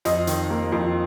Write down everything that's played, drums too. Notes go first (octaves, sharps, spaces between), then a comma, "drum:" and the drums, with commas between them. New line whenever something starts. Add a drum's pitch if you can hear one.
F2 D#5, drum: hi-hat
D#3, drum: hi-hat
A#3
F2